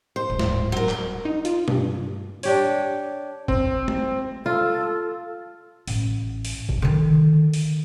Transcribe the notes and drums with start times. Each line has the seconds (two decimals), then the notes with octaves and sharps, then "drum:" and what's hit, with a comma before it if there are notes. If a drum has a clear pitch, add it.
0.16 C5
0.30 D1 G#2
0.39 drum: snare
0.72 F#3 A#4
0.89 drum: clap
1.25 D#4
1.45 F4, drum: hi-hat
1.68 G2, drum: tom
2.43 D4 G4 C#5, drum: open hi-hat
3.48 C4, drum: kick
3.88 drum: tom G#3
4.46 F4 A4
5.88 A1, drum: open hi-hat
6.45 drum: open hi-hat
6.69 drum: kick
6.82 D3 D#3
7.54 drum: open hi-hat